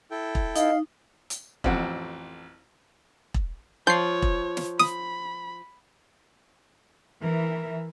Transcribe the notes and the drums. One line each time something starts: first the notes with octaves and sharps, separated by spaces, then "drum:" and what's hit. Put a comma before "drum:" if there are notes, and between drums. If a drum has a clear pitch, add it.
E4 A4 G5
drum: kick E1
D#4 D#5 F5, drum: hi-hat
drum: hi-hat
A1 F2 C4 F#5, drum: kick E1
drum: kick E1
F3 C#5 G6 C7
drum: kick E1
drum: snare
B5 D#6, drum: snare
E3 A#4 E5